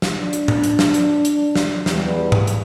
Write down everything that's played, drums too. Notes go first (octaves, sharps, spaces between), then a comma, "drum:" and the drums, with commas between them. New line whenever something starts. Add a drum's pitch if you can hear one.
drum: snare
D4
drum: hi-hat
drum: tom A2
drum: hi-hat
drum: snare
drum: hi-hat
drum: hi-hat
drum: snare
E2 G3, drum: snare
drum: tom G#2
drum: hi-hat